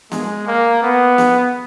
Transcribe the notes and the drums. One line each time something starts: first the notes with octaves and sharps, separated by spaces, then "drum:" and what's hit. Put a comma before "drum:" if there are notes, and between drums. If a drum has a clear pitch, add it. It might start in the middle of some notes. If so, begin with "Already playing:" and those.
G#3, drum: snare B3
A#3
B3
drum: snare B3